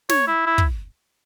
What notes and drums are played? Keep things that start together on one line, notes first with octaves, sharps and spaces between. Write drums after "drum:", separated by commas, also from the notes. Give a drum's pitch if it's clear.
C#5, drum: snare
E4
E4
drum: kick